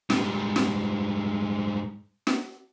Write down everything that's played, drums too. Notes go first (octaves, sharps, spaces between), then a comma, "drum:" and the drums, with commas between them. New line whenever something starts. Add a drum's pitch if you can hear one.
G#2 G3, drum: snare
drum: snare
drum: snare